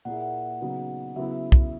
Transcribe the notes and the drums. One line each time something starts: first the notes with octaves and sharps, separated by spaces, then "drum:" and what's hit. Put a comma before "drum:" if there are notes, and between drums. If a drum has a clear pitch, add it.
A#2 A#3 E4 G#4 F#5
E5
F#5
C#3 F#3 B3 D#4
C#3 F#3 B3 E4 E5
drum: kick